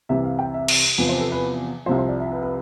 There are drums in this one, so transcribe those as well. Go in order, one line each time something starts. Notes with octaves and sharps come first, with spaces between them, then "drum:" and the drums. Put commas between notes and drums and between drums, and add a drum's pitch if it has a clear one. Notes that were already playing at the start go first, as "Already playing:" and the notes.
C2 C3 E3 E5
F5
G5
E5
drum: cymbal
E2 C3 F3 B4
C5
B4
A4
B4
C2 C3 F3 C5
C5
D5
E5
B4
B4